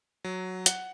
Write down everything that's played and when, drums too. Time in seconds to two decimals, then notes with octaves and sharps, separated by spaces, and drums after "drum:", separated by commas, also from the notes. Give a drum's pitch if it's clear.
0.24 F#3
0.66 F#5, drum: hi-hat